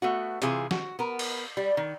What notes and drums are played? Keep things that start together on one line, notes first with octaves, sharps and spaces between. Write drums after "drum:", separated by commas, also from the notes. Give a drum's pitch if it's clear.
A3 B3 F#4
C3 E3 F4 G#4, drum: hi-hat
F#4, drum: snare
B3 A#4
drum: cymbal
G3
D#3